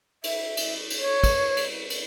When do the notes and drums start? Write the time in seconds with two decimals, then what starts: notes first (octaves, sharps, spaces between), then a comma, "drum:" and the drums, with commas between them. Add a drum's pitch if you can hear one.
0.24 E5, drum: cymbal
0.57 drum: cymbal
0.90 drum: cymbal
1.00 C#5
1.24 drum: kick, cymbal
1.57 drum: cymbal
1.90 drum: cymbal